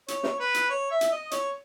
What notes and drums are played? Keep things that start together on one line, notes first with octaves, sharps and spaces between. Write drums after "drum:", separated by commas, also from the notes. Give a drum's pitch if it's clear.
C#5, drum: hi-hat
drum: snare
B4
drum: hi-hat
C#5
E5
drum: hi-hat
D#5
C#5, drum: hi-hat